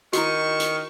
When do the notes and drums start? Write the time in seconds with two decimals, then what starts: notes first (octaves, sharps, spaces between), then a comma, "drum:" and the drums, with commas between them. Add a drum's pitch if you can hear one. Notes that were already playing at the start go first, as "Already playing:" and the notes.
0.13 D#3 E4 F#4 C#6, drum: hi-hat
0.60 drum: hi-hat